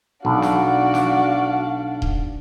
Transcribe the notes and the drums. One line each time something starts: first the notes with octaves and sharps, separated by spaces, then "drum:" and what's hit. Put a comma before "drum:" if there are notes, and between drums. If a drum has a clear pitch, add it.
B1 D4 F#4 D5 F5 F#5
drum: snare
drum: snare
drum: kick D#1